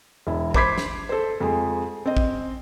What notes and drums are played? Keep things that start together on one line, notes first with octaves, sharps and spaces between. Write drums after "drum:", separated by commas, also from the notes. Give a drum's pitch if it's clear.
E1 E4
C5 B5 D6 G#6 B6 C7, drum: kick
drum: snare
A4 C5
F2 G#3
C4 D#5
drum: kick